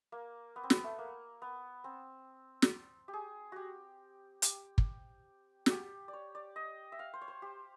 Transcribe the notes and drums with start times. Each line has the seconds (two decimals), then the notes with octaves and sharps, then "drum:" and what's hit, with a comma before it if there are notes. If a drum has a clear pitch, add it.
0.12 A#3
0.56 B3
0.63 C4
0.70 B3, drum: snare
0.84 A3
0.99 A#3
1.42 B3
1.84 C4
2.62 drum: snare
3.08 G4
3.13 G#4
3.52 F#4 G4
4.42 G4, drum: hi-hat
4.78 drum: kick
5.66 F#4 G4, drum: snare
6.08 D5
6.13 C#5
6.35 D5
6.56 D#5
6.92 E5
6.99 F5
7.14 C5
7.21 C#5
7.28 C5
7.42 G4